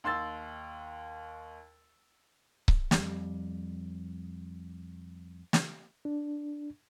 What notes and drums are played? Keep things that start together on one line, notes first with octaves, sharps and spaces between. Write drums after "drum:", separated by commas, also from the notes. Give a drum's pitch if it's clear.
D#2 C6 E6 A6
drum: kick C#1
F2 G3, drum: snare
drum: snare
D4